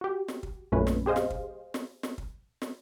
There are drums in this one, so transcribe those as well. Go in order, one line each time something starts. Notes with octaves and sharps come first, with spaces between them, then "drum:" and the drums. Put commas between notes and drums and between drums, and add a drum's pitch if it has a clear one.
F#4 G4
drum: snare
drum: kick
A#1 F#2 A#2 A3 C#4 B4
drum: snare
G4 G#4 C5 D#5 F5
drum: snare
drum: kick
drum: snare
drum: snare
drum: kick
drum: snare